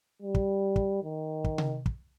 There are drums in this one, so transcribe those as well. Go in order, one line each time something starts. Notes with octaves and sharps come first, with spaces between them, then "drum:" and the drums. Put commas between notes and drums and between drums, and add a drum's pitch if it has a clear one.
G3
drum: kick
drum: kick
D#3
drum: kick
drum: tom C3
drum: kick